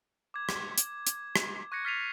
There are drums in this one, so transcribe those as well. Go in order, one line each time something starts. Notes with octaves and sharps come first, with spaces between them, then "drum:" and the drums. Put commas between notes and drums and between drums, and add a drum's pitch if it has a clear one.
D6 G#6
drum: rim click
drum: hi-hat
drum: hi-hat
drum: rim click
C#6 F#6 G#6 A#6 C#7
F6 A6 B6 C7 D#7 F7